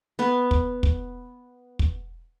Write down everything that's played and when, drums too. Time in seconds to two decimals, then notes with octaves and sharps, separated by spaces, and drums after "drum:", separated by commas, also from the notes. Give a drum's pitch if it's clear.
0.19 B3 B4
0.51 drum: kick
0.83 drum: kick
1.79 drum: kick